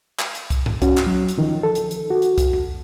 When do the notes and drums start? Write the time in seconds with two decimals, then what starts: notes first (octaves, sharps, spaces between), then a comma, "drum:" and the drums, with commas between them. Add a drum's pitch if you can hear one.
0.19 drum: clap
0.35 drum: hi-hat
0.50 drum: kick C2, hi-hat
0.66 drum: tom G2
0.82 C#4 F#4, drum: kick C2, hi-hat
0.97 drum: clap
1.07 F#3
1.28 drum: hi-hat
1.38 D#3 F3
1.63 A4
1.75 drum: hi-hat
1.91 drum: hi-hat
2.10 F#4
2.22 drum: hi-hat
2.38 drum: kick C2, hi-hat
2.53 drum: tom E2